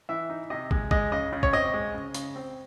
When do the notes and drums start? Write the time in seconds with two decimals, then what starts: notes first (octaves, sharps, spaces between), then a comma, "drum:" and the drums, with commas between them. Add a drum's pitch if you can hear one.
0.09 E3 E5
0.30 D#4
0.50 C3 D#5
0.71 G#3, drum: kick
0.91 G#3 D#5, drum: kick
1.12 C#3 D#5
1.32 C#3
1.43 C#5, drum: kick
1.53 C4 D#5
1.74 G#3
1.94 C#3
2.14 C#3, drum: hi-hat
2.36 C4